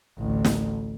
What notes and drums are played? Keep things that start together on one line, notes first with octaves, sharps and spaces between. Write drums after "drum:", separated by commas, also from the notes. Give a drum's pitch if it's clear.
A1 D2
drum: snare